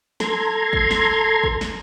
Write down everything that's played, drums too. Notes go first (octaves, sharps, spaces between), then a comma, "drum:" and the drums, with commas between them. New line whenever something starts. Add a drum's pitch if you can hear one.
A4 A#5 C6 G#6, drum: snare
drum: kick
drum: snare
drum: kick
drum: snare